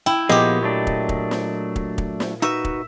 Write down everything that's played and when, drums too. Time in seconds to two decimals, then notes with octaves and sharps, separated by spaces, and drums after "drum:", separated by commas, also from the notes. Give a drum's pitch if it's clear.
0.06 E4 G5
0.29 A#2 F3 B3 G4 G#4 D#5
0.63 F#3 A3 D4
0.87 drum: kick
1.09 drum: kick
1.31 drum: snare
1.76 drum: kick
1.98 drum: kick
2.20 drum: snare
2.42 D#4 F#4 B4 E5
2.65 drum: kick